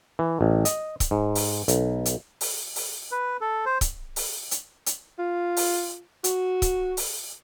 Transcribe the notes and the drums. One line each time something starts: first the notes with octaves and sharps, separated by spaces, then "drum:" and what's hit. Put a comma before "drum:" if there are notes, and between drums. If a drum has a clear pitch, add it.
E3
A1
D#5, drum: hi-hat
drum: kick C#1, hi-hat
G#2
drum: open hi-hat
B1, drum: hi-hat
drum: hi-hat
drum: open hi-hat
drum: open hi-hat
B4
A4
C5
drum: kick C#1, hi-hat
drum: open hi-hat
drum: hi-hat
drum: hi-hat
F4
drum: open hi-hat
F#4, drum: hi-hat
drum: kick C#1, hi-hat
drum: open hi-hat